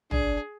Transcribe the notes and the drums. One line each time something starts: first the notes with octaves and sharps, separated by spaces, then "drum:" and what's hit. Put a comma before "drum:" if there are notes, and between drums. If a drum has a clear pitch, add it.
D4 G#4, drum: tom A1